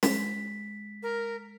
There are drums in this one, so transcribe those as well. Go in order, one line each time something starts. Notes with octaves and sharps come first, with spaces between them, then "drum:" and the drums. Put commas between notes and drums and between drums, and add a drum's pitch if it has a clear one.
G#3 B6, drum: snare
A#4